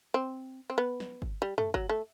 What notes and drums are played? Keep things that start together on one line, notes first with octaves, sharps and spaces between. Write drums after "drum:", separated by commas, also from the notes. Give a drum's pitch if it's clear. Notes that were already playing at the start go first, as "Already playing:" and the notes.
C4
C4
B3
drum: snare
drum: kick G1
G3
A3, drum: tom F#2
F#3, drum: kick G1
A3